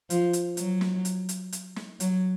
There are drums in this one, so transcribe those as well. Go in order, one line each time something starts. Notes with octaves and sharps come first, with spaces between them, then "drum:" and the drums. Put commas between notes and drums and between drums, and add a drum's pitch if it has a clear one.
F3, drum: hi-hat
drum: hi-hat
F#3, drum: hi-hat
drum: snare
drum: hi-hat
drum: hi-hat
drum: hi-hat
drum: snare
F#3, drum: hi-hat